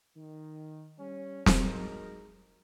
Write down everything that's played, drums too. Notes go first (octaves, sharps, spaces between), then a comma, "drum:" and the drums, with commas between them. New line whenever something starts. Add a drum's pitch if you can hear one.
D#3
G3 C#4
F#3 G#3 D#4 A#4, drum: snare